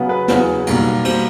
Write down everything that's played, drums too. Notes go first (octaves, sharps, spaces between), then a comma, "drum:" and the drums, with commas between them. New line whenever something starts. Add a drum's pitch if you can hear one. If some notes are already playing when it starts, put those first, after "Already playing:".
Already playing: C#3 F#3 B3
B4
E2 C#3 F#3 B3, drum: snare
B1 B2 G3 A#3, drum: cymbal
B2 G3 A#3 C5, drum: cymbal